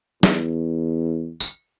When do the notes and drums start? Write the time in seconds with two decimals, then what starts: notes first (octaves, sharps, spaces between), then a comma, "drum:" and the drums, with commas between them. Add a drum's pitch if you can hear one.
0.23 E2, drum: snare
1.40 drum: tambourine